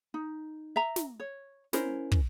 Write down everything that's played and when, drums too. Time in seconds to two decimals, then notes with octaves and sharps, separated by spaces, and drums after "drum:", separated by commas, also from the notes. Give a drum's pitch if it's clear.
0.14 D#4
0.76 E5 A#5
0.96 drum: snare
1.20 C#5
1.73 C#4 E4 A#4 C5, drum: snare
2.12 drum: kick